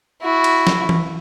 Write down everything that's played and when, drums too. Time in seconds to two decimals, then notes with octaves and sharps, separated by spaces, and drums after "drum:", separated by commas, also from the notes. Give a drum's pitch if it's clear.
0.22 E4 F#4
0.44 drum: cymbal
0.67 drum: snare
0.89 drum: tom E3